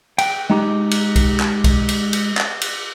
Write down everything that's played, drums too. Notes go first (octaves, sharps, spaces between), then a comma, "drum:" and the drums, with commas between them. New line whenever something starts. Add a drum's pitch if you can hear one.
G5, drum: cymbal
G#3 D#4 G4
drum: cymbal
drum: kick B1, cymbal
drum: clap
drum: kick B1, cymbal
drum: cymbal
drum: cymbal
drum: clap
drum: cymbal